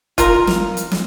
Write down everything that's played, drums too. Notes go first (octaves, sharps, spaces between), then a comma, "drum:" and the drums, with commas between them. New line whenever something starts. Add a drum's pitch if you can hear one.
F4 A#4, drum: kick, hi-hat
drum: snare
drum: hi-hat
drum: snare